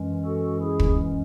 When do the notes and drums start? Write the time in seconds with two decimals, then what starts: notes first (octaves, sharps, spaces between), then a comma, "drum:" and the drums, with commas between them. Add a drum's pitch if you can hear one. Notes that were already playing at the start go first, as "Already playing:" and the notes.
Already playing: F#2 E3 G#3 C#4
0.25 F#4 A4
0.61 E4 G#4
0.79 drum: kick